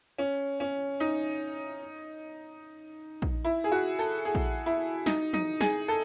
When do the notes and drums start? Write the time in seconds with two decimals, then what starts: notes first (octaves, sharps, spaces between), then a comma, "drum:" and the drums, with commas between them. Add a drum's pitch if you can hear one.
0.18 C#4
0.60 C#4
1.00 D#4
3.22 drum: kick A#1
3.45 E4
3.64 G#4
3.72 F#4
3.99 A4, drum: tambourine
4.25 G#4
4.35 drum: kick A#1
4.66 E4
5.06 D#4, drum: snare
5.33 D#4, drum: tom
5.61 G#4, drum: snare
5.88 A4